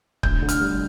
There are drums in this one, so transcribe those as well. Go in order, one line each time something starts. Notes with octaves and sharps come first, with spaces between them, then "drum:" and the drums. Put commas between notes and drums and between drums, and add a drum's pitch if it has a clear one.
D2 G6, drum: kick C#1
D3
F6, drum: hi-hat
G3